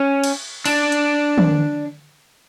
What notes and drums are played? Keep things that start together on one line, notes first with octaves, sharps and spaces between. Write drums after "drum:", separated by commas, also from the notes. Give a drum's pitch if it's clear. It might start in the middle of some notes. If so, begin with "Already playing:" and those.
Already playing: C#4
drum: cymbal
D4, drum: cymbal
drum: hi-hat
drum: tom